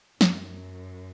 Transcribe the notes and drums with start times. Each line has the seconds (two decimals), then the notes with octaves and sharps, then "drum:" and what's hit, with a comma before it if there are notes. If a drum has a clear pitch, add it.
0.21 F#2, drum: snare